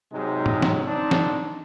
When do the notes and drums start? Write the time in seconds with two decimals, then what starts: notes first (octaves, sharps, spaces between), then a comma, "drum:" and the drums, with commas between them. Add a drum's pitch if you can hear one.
0.12 G#2 C3 F#3 G#3 D#4
0.46 drum: tom
0.62 drum: snare
0.86 C4 D4 D#4
1.11 drum: snare